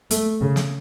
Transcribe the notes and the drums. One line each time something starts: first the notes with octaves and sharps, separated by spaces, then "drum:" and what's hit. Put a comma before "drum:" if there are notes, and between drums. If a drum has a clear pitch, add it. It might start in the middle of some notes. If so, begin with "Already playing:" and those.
A3, drum: hi-hat
C#3
drum: snare